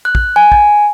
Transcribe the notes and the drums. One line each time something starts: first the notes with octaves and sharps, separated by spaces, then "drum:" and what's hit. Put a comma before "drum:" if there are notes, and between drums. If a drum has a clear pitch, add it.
F#6
drum: kick
G#5
drum: kick